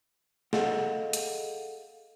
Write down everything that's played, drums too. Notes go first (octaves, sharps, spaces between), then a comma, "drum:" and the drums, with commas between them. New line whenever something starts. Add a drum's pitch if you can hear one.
G#4 A4 D#5 F5 F#5, drum: snare
drum: hi-hat